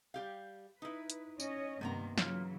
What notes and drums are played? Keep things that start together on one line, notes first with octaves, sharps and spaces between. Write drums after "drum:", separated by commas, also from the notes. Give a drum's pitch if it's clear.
G3 G4 F5
D#4 E4 B4
drum: hi-hat
C#4 C#5 D#5, drum: tambourine
G2 C3 D#3 A#3 B3 A#5
C#3 E3 F#3 A#3 F4, drum: snare